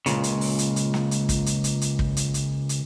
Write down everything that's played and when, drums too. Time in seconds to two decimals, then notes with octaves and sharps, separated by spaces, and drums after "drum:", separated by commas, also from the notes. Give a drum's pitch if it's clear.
0.06 C#2 G2 A#2 C#3, drum: hi-hat
0.24 drum: hi-hat
0.41 drum: open hi-hat
0.59 drum: hi-hat
0.76 drum: hi-hat
0.94 drum: snare
1.11 drum: hi-hat
1.29 drum: kick, hi-hat
1.46 drum: hi-hat
1.64 drum: hi-hat
1.81 drum: hi-hat
1.99 drum: kick
2.17 drum: hi-hat
2.34 drum: hi-hat
2.69 drum: hi-hat